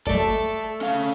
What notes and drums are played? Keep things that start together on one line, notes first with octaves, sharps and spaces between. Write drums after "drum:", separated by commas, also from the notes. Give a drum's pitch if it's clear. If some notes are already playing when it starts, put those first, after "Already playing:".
A3 A4 D5, drum: kick G1
C#4 F5